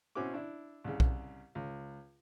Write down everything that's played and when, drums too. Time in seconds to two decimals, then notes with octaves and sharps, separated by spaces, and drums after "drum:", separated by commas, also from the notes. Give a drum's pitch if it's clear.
0.15 B2 C4 C#4 E4 F#4 D6
0.34 D4 E4
0.84 C2 C#3
1.00 drum: kick B1
1.55 C#2